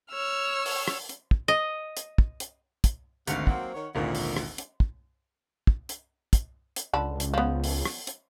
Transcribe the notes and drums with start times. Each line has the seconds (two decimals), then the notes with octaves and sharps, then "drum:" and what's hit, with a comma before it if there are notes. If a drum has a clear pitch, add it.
0.11 C#5 E6 F6
0.66 drum: open hi-hat
0.88 drum: rim click
1.09 drum: hi-hat
1.31 drum: kick
1.48 D#5
1.97 drum: hi-hat
2.18 drum: kick
2.40 drum: hi-hat
2.84 drum: kick, hi-hat
3.27 G#1 D2 C3 F5 F#5, drum: hi-hat
3.47 F#3 A#3 C4 F#5, drum: kick
3.74 D#3 C#5
3.95 G#1 D2 A#2
4.15 drum: open hi-hat
4.37 drum: rim click
4.58 drum: hi-hat
4.80 drum: kick
5.67 drum: kick
5.89 drum: hi-hat
6.33 drum: kick, hi-hat
6.76 drum: hi-hat
6.93 C#2 D3 A5 B5
7.20 drum: hi-hat
7.34 F3 B3
7.64 drum: open hi-hat
7.85 drum: rim click
8.07 drum: hi-hat